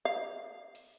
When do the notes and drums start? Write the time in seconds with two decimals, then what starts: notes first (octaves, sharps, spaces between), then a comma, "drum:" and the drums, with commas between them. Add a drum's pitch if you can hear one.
0.05 F5
0.75 drum: open hi-hat